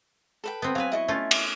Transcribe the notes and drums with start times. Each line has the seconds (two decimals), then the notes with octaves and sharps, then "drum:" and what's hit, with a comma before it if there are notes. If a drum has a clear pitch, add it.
0.44 A4 B4 G5
0.62 B3 C4
0.75 F#3 B4 F5 G#5
0.92 E4 D#5 C#6
1.08 A3 C#4 F4
1.31 drum: cymbal